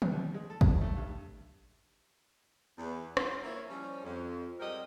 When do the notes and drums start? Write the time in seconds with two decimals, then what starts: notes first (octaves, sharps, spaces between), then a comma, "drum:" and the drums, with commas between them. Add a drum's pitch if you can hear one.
0.02 C2, drum: tom
0.13 D#2
0.34 G#3
0.50 A4
0.61 drum: kick G#1
0.82 A3
0.97 G2
2.78 E2 B3
3.17 G2 E3 F4 F#4 C5, drum: rim click
3.43 A#3 E4 C#5
3.68 F3 G3 C#4
4.04 F2
4.59 G#2 F#3 G3 C4 A#4 D#5